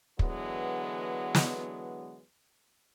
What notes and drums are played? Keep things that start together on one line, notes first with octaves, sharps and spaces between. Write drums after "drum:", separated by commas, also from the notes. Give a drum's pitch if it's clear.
D3 E3 F#3 G#3 B3, drum: kick
drum: snare